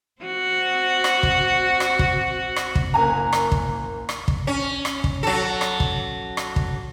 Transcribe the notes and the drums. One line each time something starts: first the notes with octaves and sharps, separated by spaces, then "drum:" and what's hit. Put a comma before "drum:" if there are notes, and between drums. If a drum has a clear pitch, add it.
C4 F#4
drum: rim click
drum: kick
drum: rim click
drum: kick
drum: rim click
drum: kick
F#1 A#3 G#5 A#5
drum: rim click
drum: kick
drum: rim click
drum: kick
C#4
drum: rim click
drum: kick
F#3 A4
drum: rim click
drum: kick
drum: rim click
drum: kick